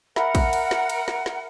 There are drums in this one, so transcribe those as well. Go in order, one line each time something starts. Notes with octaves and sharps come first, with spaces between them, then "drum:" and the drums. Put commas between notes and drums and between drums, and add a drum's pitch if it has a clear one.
A#4 E5 F#5 B5, drum: snare
drum: kick A#1, cymbal
drum: cymbal
drum: snare
drum: cymbal
drum: snare
drum: snare